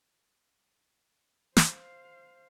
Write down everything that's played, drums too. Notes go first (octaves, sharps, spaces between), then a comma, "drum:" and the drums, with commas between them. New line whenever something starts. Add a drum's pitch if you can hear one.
C5 F5, drum: snare